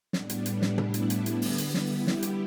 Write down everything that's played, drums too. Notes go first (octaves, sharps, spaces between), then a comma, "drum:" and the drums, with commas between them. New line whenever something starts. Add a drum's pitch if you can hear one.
A2 G3 B3 D4, drum: snare
drum: hi-hat
drum: hi-hat
drum: snare
E4, drum: tom
drum: hi-hat
drum: hi-hat
drum: hi-hat
D3 G3 B3 D4, drum: open hi-hat
drum: hi-hat
E4, drum: snare
G4, drum: snare
drum: hi-hat